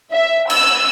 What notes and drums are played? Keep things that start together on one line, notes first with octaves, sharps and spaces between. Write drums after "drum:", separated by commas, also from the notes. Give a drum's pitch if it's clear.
E5
E6, drum: cymbal